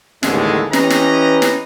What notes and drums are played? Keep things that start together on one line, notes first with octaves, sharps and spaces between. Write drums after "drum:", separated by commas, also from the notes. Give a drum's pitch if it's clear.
A1 D#2 A2 D3 G#3, drum: snare
E3 C#4 G4 B4 D#5 A#5, drum: snare
drum: snare
drum: snare